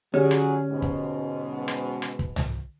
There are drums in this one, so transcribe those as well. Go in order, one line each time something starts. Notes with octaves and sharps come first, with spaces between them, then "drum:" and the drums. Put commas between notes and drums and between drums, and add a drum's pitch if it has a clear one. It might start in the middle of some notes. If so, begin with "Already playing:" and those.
D3 F#3 C#4 G4 G#4 C#5
drum: rim click
G#2 B2
drum: kick
drum: rim click
drum: rim click
drum: kick
drum: tom